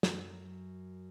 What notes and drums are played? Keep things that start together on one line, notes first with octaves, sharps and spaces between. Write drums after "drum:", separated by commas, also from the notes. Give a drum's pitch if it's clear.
F#2, drum: snare